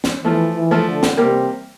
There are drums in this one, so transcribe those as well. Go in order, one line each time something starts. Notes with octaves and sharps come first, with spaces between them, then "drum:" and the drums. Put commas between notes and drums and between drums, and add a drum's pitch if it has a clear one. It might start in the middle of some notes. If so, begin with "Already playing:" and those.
drum: snare
E3 F3 A3
E3
F3 A3
D3
drum: snare
C3 G3 A#3